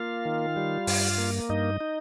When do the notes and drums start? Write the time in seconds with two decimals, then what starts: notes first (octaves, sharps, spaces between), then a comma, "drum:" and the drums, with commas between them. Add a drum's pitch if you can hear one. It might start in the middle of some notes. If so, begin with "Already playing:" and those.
Already playing: A#3 F4 F5
0.25 D#3
0.56 G3
0.87 G2, drum: open hi-hat
1.18 A#3
1.49 G2 D#4 D#5
1.81 D#4